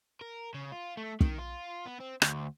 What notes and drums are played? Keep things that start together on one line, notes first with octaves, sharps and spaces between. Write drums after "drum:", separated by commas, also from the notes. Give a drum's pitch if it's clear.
A#4
C#3
F4
A3
D#3, drum: kick
F4
B3
C4
D2, drum: rim click